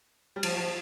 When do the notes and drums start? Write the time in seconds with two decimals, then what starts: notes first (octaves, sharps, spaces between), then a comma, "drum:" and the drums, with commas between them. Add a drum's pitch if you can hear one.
0.36 G3
0.43 F3, drum: cymbal
0.57 F3